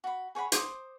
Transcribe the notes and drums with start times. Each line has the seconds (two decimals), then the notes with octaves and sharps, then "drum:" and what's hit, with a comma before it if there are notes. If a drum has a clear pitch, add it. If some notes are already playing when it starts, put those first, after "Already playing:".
0.04 F#4 B5
0.35 G#4 C#5 F#5 B5
0.52 C5 D6 D#6, drum: hi-hat